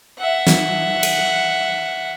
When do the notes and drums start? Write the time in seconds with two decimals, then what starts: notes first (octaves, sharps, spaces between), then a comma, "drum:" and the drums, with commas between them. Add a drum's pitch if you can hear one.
0.18 E5 F#5
0.47 drum: snare
1.03 drum: cymbal